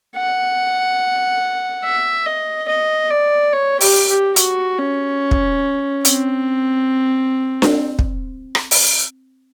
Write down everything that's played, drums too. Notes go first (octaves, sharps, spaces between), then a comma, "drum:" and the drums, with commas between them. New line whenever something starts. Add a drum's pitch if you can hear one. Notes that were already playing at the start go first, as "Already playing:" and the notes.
F#5
E5
D#5
D#5
D5
C#5
G4, drum: open hi-hat
G4
F#4, drum: hi-hat
C#4
drum: kick
C4, drum: hi-hat
drum: snare D4
drum: kick
drum: rim click
drum: open hi-hat